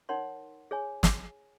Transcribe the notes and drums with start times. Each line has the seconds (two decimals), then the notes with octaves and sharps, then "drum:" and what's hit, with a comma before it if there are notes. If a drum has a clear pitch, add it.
0.09 D#4 A#4 C#5 F#5 C6
0.71 G#4 C#5 G#5
1.03 drum: snare